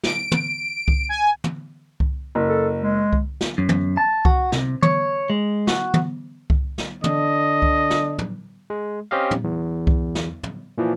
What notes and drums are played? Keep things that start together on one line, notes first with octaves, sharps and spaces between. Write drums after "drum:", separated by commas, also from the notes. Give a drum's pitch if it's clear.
D7, drum: snare
drum: tom
drum: kick C2
G#5
drum: tom
drum: kick C2
F#1
A4
G#3
drum: kick C2
drum: snare
F#2
drum: tom
A5
F#4, drum: kick C2
C3, drum: snare
C#5, drum: tom
G#3
F#4, drum: snare
drum: tom
drum: kick C2
drum: snare
D3 D#5, drum: tom
drum: kick C2
drum: snare
drum: tom
G#3
C4 C#4 G4 D#5 F5
drum: tom
E2
drum: kick C2
drum: snare
drum: tom
A#2 E3 F3